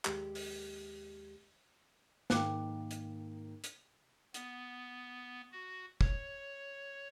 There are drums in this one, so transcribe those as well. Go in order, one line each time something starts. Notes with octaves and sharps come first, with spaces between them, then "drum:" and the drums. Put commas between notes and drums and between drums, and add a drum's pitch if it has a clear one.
D#2 G#3 G4, drum: clap
drum: open hi-hat
G#2 D#3 A#3 G5 D6 F#6, drum: snare
drum: hi-hat
drum: hi-hat
B3, drum: hi-hat
F#4
C#5, drum: kick